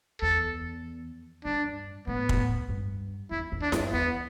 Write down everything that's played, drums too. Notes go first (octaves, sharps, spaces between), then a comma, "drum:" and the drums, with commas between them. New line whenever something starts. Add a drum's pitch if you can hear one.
E2 A4
G2 D4
A2 B3
drum: kick
G2
E2 E4
E2
D4
G2, drum: snare E4
E2 B3